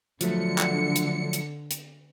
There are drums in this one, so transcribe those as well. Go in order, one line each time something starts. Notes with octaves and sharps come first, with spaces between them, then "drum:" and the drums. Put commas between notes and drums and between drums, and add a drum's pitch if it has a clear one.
D3 F3 F#3 A3 C#7, drum: hi-hat
drum: clap
drum: hi-hat
drum: hi-hat
drum: hi-hat